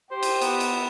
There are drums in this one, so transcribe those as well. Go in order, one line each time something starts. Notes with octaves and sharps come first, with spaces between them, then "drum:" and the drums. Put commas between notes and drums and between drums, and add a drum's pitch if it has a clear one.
G4 C5
drum: cymbal
B3, drum: cymbal
drum: cymbal